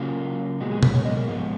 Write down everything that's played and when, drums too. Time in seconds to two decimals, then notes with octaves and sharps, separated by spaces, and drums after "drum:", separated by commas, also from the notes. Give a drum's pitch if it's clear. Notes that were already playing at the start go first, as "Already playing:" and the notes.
Already playing: C#3 F#3 A#3 F4
0.60 A#2 G#3 B3 F#4
0.71 G#4
0.83 B4, drum: tom A#2
0.94 C#5
1.05 D#5
1.17 A#4
1.28 G#2 F3 B3 F4